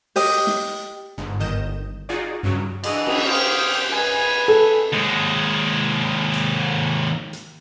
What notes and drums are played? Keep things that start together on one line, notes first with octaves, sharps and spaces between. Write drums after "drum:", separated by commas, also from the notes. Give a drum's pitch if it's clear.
G4 D#5, drum: open hi-hat
drum: snare
G1 G#2
G1 D#3 D#5 G6 E7
D#4 F4 F#4 G#4 D5
G2 C#3 F#3
E3 D4 F#4 G#4 D#5, drum: cymbal
drum: cymbal
G4 G#4 C5 F5 G5
G#3 B4 G#5
A4
D#2 G#3
drum: hi-hat
drum: hi-hat